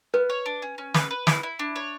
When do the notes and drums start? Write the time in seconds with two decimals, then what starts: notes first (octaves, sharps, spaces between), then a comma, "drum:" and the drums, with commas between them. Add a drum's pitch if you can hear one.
0.14 B3 B4
0.30 C#5
0.46 D4
0.62 C#4
0.78 C#4
0.94 B4, drum: snare
1.11 B4
1.27 E4, drum: snare
1.43 E4
1.59 D4
1.76 C#5